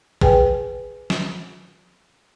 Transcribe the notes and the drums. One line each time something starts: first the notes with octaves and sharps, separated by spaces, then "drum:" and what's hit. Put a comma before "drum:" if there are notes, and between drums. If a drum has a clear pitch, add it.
G#4 B4 G5 G#5, drum: kick A1
drum: snare